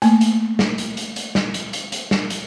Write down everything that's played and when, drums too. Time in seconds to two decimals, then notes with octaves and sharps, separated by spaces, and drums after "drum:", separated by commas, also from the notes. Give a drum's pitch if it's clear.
0.02 A3 A#3, drum: hi-hat
0.21 drum: hi-hat
0.59 drum: snare
0.78 drum: hi-hat
0.97 drum: hi-hat
1.16 drum: hi-hat
1.35 drum: snare
1.54 drum: hi-hat
1.73 drum: hi-hat
1.92 drum: hi-hat
2.11 drum: snare
2.30 drum: hi-hat